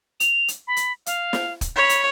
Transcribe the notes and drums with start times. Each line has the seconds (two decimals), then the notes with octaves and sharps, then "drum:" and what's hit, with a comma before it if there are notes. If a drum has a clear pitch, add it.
0.20 F7, drum: hi-hat
0.48 drum: hi-hat
0.67 B5
0.77 drum: hi-hat
1.06 F5, drum: hi-hat
1.33 drum: snare
1.61 drum: kick, hi-hat
1.76 C#5 B5
1.89 drum: hi-hat